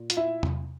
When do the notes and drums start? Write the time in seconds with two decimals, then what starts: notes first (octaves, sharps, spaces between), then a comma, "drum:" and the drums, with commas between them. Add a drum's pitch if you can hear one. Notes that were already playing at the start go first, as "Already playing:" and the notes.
Already playing: A#2
0.10 F4, drum: hi-hat
0.17 E4 E5
0.43 drum: tom E2